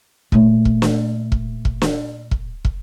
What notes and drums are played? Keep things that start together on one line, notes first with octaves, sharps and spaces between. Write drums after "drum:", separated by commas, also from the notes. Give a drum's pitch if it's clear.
A#2 A3, drum: kick
drum: kick
drum: snare
drum: kick
drum: kick
drum: snare
drum: kick
drum: kick